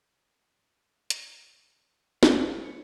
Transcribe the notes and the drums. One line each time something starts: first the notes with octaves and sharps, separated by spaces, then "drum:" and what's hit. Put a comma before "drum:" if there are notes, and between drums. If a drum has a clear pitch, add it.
drum: hi-hat
F4, drum: snare
D#2
C#5